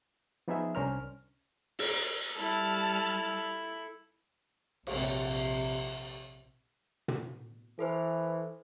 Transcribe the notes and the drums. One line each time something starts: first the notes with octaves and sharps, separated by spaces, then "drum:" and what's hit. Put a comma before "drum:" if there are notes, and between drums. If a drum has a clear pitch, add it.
F3 B3 D#4 F4 G#4 E5
C2 C#4 D4 A#4 C5 F6
drum: open hi-hat
G3 E4 A4 A5 F6
A#1 C3, drum: cymbal
drum: tom
E3 A4 B4 C5